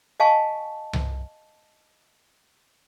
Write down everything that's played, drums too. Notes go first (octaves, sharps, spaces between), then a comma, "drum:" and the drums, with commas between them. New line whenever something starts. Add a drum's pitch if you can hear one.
D#5 F5 G#5 A5 C#6
drum: tom C2